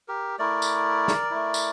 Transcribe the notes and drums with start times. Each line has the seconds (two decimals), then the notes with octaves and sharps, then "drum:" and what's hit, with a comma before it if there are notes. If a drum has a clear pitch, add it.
0.08 G4 A#4
0.39 A3 E4 A#4 D5
0.62 drum: tambourine
1.08 drum: snare
1.30 A3 E4
1.54 drum: tambourine